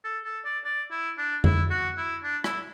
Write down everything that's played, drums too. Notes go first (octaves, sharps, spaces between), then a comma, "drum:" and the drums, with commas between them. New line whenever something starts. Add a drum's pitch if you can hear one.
A4
A4
D5
D5
E4
D4
E4, drum: tom F2
F#4
E4
D4
E4, drum: rim click